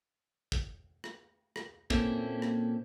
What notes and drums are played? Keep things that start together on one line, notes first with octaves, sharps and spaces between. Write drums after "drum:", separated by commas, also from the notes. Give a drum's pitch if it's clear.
drum: kick
drum: rim click
drum: rim click
A#2 A#3 C4 C#4 E4 A4, drum: kick
drum: rim click